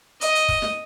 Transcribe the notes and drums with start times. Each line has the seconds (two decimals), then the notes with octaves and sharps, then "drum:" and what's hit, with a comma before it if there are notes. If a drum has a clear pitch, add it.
0.21 D#5, drum: hi-hat
0.35 drum: hi-hat
0.48 drum: kick, open hi-hat
0.62 drum: snare